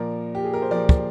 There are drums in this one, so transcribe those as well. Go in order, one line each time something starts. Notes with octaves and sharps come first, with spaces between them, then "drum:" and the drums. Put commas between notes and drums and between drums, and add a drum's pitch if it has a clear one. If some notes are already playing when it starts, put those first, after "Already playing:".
Already playing: A#2 F3 A#4 D5
G4
G#4
A#4
C5
A#2 F3 A#4 D5
drum: kick